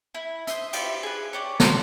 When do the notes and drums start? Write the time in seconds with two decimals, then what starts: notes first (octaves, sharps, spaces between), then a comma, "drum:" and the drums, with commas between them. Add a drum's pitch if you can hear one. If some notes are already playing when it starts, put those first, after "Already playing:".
0.14 E4
0.47 C5 D#5 E5, drum: hi-hat
0.73 E4 F4 G4, drum: cymbal
1.03 G#4 B4
1.33 D4 G4 C#5
1.60 C5, drum: snare